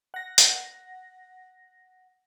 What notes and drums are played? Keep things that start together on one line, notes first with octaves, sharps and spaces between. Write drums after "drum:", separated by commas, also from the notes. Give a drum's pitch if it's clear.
F#5 A#6
drum: hi-hat